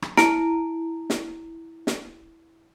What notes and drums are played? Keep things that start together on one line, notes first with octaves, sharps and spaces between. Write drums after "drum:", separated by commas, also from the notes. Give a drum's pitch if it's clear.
drum: rim click
E4 A#5 D7, drum: snare
drum: snare
drum: snare